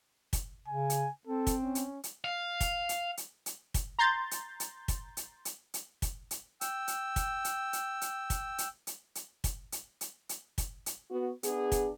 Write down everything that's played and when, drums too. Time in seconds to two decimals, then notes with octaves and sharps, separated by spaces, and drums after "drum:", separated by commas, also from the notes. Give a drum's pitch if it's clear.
0.33 drum: kick, hi-hat
0.68 C#3 G#5
0.90 drum: hi-hat
1.27 C4 A4
1.47 drum: kick, hi-hat
1.63 C#4
1.75 drum: hi-hat
2.04 drum: hi-hat
2.24 F5
2.61 drum: kick, hi-hat
2.89 drum: hi-hat
3.17 drum: hi-hat
3.46 drum: hi-hat
3.74 drum: kick, hi-hat
3.99 A#5 C6 G6 A6
4.31 drum: hi-hat
4.60 drum: hi-hat
4.88 drum: kick, hi-hat
5.17 drum: hi-hat
5.45 drum: hi-hat
5.74 drum: hi-hat
6.02 drum: kick, hi-hat
6.31 drum: hi-hat
6.61 G5 E6, drum: hi-hat
6.88 drum: hi-hat
7.16 drum: kick, hi-hat
7.45 drum: hi-hat
7.73 drum: hi-hat
8.01 drum: hi-hat
8.30 drum: kick, hi-hat
8.58 drum: hi-hat
8.87 drum: hi-hat
9.15 drum: hi-hat
9.44 drum: kick, hi-hat
9.72 drum: hi-hat
10.01 drum: hi-hat
10.29 drum: hi-hat
10.58 drum: kick, hi-hat
10.86 drum: hi-hat
11.10 B3 F#4
11.43 B3 D4 G#4, drum: hi-hat
11.72 drum: kick, hi-hat